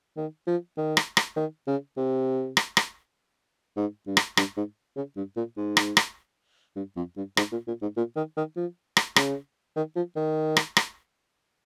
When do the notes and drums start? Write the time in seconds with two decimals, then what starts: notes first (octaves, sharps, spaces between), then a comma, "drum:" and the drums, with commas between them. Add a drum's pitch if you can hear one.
0.17 D#3
0.47 F3
0.77 D#3
0.97 drum: rim click
1.17 drum: rim click
1.36 D#3
1.67 C#3
1.97 C3
2.57 drum: rim click
2.77 drum: rim click
3.76 G#2
4.07 G2
4.17 drum: rim click
4.37 G2, drum: rim click
4.57 G#2
4.96 C#3
5.17 G2
5.37 A#2
5.57 G#2
5.77 drum: rim click
5.97 drum: rim click
6.76 G2
6.97 F2
7.17 G2
7.37 G#2, drum: rim click
7.52 A#2
7.67 A#2
7.82 G#2
7.97 A#2
8.16 D#3
8.37 D#3
8.56 F3
8.97 drum: rim click
9.16 C#3, drum: rim click
9.76 D#3
9.96 F3
10.16 D#3
10.57 drum: rim click
10.77 drum: rim click